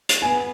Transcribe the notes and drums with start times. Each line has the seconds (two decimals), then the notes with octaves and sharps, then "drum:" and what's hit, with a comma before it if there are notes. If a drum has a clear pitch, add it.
0.09 drum: hi-hat
0.22 B3 G#5